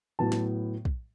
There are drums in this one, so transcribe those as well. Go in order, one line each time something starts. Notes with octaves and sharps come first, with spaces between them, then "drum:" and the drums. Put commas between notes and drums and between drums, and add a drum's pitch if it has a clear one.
A2 F#3 B3 A5
drum: snare
drum: kick